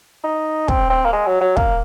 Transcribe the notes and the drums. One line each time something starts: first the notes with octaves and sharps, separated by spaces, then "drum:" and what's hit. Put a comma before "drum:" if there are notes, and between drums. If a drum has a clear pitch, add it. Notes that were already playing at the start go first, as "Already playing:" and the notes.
D#4
C4, drum: kick
C4
A#3
G#3
F#3
F#3
A#3, drum: kick